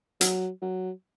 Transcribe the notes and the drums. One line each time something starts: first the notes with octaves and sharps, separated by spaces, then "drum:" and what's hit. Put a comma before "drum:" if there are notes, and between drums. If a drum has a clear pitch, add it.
F#3, drum: hi-hat
F#3